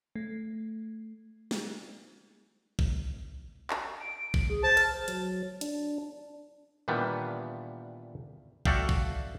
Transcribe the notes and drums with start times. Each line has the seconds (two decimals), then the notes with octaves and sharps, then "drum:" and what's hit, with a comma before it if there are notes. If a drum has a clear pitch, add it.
0.16 A3
1.51 drum: snare
2.79 drum: kick A1
3.70 drum: clap
4.00 D7
4.34 drum: kick A1
4.50 G#4
4.63 C5 A5
4.77 F6, drum: cymbal
5.08 F#3, drum: hi-hat
5.61 D4, drum: hi-hat
6.88 A#2 D#3 E3 G3 B3 D4
8.65 F#4 A4 D5 E5 F5 G5, drum: kick A1
8.89 drum: kick A1